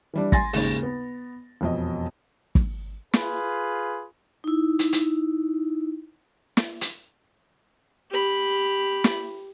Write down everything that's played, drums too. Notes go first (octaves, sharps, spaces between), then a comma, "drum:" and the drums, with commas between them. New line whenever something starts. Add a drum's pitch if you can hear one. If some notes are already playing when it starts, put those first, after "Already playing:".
E3 G3 D4
G#5 C6 A6 A#6, drum: kick
G#1 D#2 C#3 G#3, drum: open hi-hat
B3
E1 F2 D#5
drum: kick
F4 G#4 B4, drum: snare
D#4 E4
drum: hi-hat
drum: hi-hat
drum: snare
drum: hi-hat
G4 B5
drum: snare